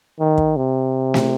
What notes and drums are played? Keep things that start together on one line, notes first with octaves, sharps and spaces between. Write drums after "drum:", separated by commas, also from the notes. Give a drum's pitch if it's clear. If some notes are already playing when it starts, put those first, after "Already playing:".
D#3
drum: kick
C3
drum: snare